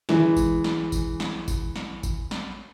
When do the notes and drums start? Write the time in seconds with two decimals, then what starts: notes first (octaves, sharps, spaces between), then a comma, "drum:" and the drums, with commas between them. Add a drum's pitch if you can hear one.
0.09 E3 G#3, drum: snare
0.37 drum: kick G#1, tambourine
0.64 drum: snare
0.92 drum: kick G#1, tambourine
1.20 drum: snare
1.48 drum: kick G#1, tambourine
1.76 drum: snare
2.03 drum: kick G#1, tambourine
2.31 drum: snare